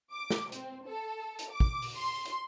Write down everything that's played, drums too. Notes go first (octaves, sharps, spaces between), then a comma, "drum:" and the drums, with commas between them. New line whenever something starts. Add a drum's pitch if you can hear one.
D6
drum: snare
C4, drum: hi-hat
A4
drum: hi-hat
D6
drum: kick
drum: open hi-hat
C6
drum: hi-hat